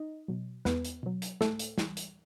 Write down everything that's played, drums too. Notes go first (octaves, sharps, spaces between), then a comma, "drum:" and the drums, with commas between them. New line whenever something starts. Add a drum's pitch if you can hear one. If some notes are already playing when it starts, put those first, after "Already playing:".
Already playing: D#4 D#5
B2 F#3
E2 B3 B4, drum: snare
drum: hi-hat
B2 F#3
drum: hi-hat
A2 A3 A4, drum: snare
drum: hi-hat
E3 G3, drum: snare
drum: hi-hat